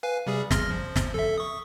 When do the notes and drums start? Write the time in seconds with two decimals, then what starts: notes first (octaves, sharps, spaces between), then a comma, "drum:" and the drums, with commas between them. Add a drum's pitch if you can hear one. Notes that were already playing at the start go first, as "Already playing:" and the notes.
0.03 B4 F5 G#5
0.27 C3 G3 G#4
0.51 C6 F6 A#6, drum: snare
0.70 F3
0.96 drum: snare
1.14 A4 E5
1.38 C#6 D#6